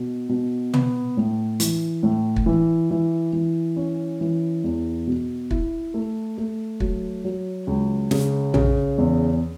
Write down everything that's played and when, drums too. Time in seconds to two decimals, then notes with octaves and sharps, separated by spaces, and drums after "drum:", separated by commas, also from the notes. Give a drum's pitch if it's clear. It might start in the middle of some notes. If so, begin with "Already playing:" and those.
Already playing: B2
0.29 B2
0.74 B3, drum: tom
1.17 A2
1.60 E3, drum: hi-hat
2.03 A2
2.36 drum: kick
2.46 E3
2.91 E3
3.33 E3
3.76 C#4
4.21 E3
4.64 E2
5.07 B2
5.51 E4, drum: kick
5.94 A3
6.38 A3
6.80 F#3, drum: kick
7.24 F#3
7.67 C#2
8.11 C#3, drum: snare
8.54 C#3, drum: tom A#1
8.98 E2